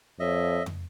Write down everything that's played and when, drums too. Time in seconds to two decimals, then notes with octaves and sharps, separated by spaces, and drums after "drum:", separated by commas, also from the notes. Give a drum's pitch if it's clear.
0.20 F2 C#5 D#5 E5
0.66 drum: tom F2